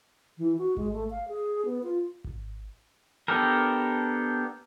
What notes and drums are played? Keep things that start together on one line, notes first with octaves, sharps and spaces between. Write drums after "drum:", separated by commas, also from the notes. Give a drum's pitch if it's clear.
E3
F#4
G#3, drum: kick G#1
A3
F5
G#4
B3
F4
drum: kick G#1
B3 D4 G4 A4 A#4